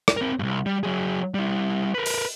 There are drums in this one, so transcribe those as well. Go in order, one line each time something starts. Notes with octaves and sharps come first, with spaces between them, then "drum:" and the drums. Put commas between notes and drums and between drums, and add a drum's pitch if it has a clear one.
drum: rim click
C4 A#4
C2 G2
G3
F#3 G#4
G3 E4
A#4 B4
drum: open hi-hat